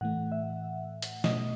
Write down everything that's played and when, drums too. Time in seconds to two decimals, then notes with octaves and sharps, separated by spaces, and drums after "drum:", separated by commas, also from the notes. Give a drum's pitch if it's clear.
0.01 A2 E3 A3 F#5
0.32 E5
1.02 drum: hi-hat
1.24 B2 A3 D#5, drum: snare